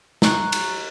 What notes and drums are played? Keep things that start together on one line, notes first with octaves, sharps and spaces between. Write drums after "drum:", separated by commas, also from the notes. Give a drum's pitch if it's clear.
A#5 C#6 F#6, drum: snare
drum: cymbal